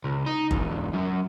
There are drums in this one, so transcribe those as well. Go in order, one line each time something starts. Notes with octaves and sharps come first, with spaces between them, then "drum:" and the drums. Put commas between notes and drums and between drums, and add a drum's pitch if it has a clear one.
C#2
D#4
E2 G#2, drum: kick G1
F#2